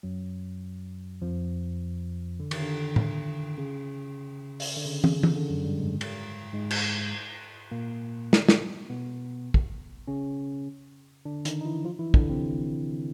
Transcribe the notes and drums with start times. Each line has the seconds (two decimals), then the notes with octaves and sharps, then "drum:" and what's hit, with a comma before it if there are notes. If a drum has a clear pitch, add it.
0.03 F#2 F#3
1.22 F2 F3
2.40 D3
2.51 D#3, drum: cymbal
2.62 D3
2.96 drum: tom A2
3.58 C#3
4.60 drum: open hi-hat
4.77 D3
4.86 C#3
5.04 C#3, drum: tom
5.23 D#3, drum: tom
5.35 D3
5.50 F#2 F#3
5.64 G2 G3
5.79 G#2 G#3
6.01 drum: cymbal
6.53 G#2 G#3
6.70 drum: cymbal
7.71 A#2 A#3
8.33 drum: snare
8.48 drum: snare
8.90 B2 B3
9.54 drum: kick
10.07 C#3 C#4
11.25 D3 D4
11.45 D#3 D#4, drum: hi-hat
11.61 D#4
11.65 E3 E4
11.84 F3 F4
11.99 E3 E4
12.14 D3 D4, drum: kick
12.29 C3 C4